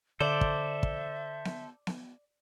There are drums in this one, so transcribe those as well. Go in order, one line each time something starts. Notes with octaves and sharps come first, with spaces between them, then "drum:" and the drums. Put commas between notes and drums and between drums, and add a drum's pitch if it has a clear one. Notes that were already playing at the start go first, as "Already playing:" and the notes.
D3 A4 C5 D5 E5
drum: kick
drum: kick
drum: snare B3
drum: snare B3